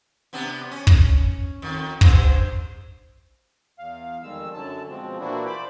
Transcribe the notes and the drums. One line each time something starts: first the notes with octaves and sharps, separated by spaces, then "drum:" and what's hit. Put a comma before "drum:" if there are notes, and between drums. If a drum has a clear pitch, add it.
C3 B3 D4
C#4
drum: kick
F2 D#3
G2 G#3 C5, drum: kick
E2 F5
F2 D#3 G3 G#3 E6
F#2 D3 F#3 A5
B2 F3 G#3 C4
A#2 E3 A#3 D4 E4 F#4
C5 D5 B5 D6